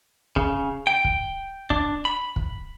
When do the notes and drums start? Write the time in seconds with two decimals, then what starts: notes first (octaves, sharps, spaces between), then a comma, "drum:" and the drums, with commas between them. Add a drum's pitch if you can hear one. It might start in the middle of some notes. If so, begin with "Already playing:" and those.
0.36 C#3, drum: kick
0.87 G5
1.04 drum: kick
1.70 D4, drum: kick
2.05 B5
2.36 drum: kick